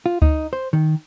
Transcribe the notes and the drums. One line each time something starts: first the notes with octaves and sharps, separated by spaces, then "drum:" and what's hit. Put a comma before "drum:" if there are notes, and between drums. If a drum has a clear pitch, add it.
F4
D#4, drum: kick D2
C5
D#3